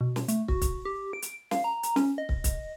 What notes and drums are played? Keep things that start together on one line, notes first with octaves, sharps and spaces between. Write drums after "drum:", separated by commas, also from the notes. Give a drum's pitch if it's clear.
B2
drum: snare
A3, drum: hi-hat
F#4, drum: kick
drum: kick, hi-hat
G4
D7
drum: hi-hat
F5, drum: snare
A#5
drum: hi-hat
C#4, drum: snare
D#5
drum: kick
drum: kick, hi-hat